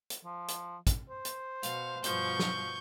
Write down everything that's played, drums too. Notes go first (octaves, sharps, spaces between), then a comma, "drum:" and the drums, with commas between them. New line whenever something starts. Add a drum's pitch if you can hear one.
drum: hi-hat
F3
drum: hi-hat
drum: kick, hi-hat
C5
drum: hi-hat
B2 F5, drum: hi-hat
G2 B2 F3 C#6 G6, drum: hi-hat
drum: snare